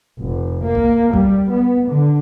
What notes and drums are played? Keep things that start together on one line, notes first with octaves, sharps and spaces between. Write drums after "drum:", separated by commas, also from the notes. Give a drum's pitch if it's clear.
F1
A#3
drum: kick C2
G3, drum: kick C2
B3
D3